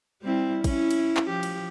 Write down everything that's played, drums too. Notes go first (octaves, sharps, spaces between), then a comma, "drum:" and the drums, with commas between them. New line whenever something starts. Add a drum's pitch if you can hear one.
G3 C4 E4
C#4 E4, drum: kick, cymbal
drum: cymbal
drum: clap
F3 G4
drum: cymbal